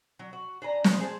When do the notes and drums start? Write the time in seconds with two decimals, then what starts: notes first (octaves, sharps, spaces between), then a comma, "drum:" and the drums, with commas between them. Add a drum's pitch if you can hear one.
0.19 F#3
0.33 F#4
0.62 D4 G#5 A#5
0.84 B3 D#4 F4 F#4, drum: snare
1.00 G#4 C5 G#5 A5